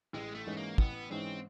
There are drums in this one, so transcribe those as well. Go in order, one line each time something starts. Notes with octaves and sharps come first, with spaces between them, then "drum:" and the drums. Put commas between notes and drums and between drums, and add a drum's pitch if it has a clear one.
A1 G#3
A3
G#2 E3 G#3 C#4
A#3
A1 B3, drum: kick
G#2 E3 G#3 C4 C#4